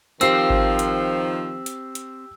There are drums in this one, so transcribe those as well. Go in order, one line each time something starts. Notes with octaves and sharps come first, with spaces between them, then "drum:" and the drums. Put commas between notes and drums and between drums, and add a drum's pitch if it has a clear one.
D#3 F3 C4 G4 E6 C7, drum: hi-hat
drum: kick G#1
drum: hi-hat
drum: hi-hat
drum: hi-hat